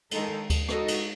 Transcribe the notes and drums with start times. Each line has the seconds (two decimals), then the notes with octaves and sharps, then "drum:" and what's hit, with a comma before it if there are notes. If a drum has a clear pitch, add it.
0.11 D#3 G#3 D#4 A4, drum: cymbal
0.50 drum: kick D2, cymbal
0.69 G#3 D#4 F#4 A4 D#5, drum: rim click
0.88 drum: cymbal